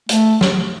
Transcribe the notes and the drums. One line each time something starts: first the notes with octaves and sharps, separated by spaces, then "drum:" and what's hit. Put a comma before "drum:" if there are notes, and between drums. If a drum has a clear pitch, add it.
A3, drum: hi-hat
drum: snare